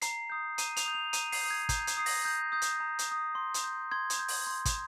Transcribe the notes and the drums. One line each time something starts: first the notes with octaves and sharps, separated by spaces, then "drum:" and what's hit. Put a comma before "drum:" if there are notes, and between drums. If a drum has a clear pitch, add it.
A#5 C7, drum: hi-hat
D#6 G6
A#5 D#7, drum: hi-hat
F7, drum: hi-hat
D#6 G6
F7
A#5 D#7, drum: hi-hat
C7, drum: open hi-hat
D#6 G6
G#6
A#5 G6, drum: kick, hi-hat
G#6, drum: hi-hat
D#6 G6 C7
A#6, drum: open hi-hat
A#5 G6
D#6 G6
drum: hi-hat
A#5
drum: hi-hat
D#6 G6
C6
drum: hi-hat
G6
C6 G#6
drum: hi-hat
G6
drum: open hi-hat
C6
drum: kick, hi-hat